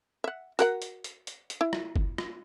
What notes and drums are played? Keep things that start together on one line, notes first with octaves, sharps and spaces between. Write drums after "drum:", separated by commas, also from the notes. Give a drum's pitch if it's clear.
E5 F#5
F#4 A#4 F#5, drum: hi-hat
drum: hi-hat
drum: hi-hat
drum: hi-hat
drum: hi-hat
E4
drum: rim click
drum: kick F#1
drum: rim click